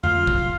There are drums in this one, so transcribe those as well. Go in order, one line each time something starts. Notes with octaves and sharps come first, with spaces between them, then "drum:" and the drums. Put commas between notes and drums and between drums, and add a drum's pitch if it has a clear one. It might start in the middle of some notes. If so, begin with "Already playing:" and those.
F4, drum: tom F2
drum: kick